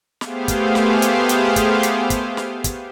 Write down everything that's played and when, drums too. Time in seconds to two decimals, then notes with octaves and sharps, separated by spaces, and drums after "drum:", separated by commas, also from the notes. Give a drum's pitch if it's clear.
0.21 A3 B3 G4 G#4 C5 F5, drum: snare
0.48 drum: kick, hi-hat
0.75 drum: snare
1.02 drum: hi-hat
1.29 drum: hi-hat
1.56 drum: kick, hi-hat
1.83 drum: hi-hat
2.10 drum: kick, hi-hat
2.37 drum: snare
2.64 drum: kick, hi-hat